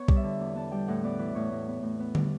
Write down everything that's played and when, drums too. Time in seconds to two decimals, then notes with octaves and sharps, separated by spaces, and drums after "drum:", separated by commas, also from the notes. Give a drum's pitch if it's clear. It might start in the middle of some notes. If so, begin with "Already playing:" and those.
Already playing: B3 C#5
0.08 G3, drum: kick B1
0.16 E5
0.23 D3
0.40 E2
0.55 B3 A5
0.71 G3 G5
0.88 A2 F#5
1.04 B3 D5
1.19 E3 B4
1.35 A2 C#5
1.52 A2
1.68 B3
1.83 A2
2.00 B3
2.15 G3, drum: tom D3